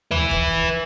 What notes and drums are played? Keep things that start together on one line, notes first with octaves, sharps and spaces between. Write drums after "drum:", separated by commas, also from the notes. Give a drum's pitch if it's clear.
B4 E5, drum: tom
drum: kick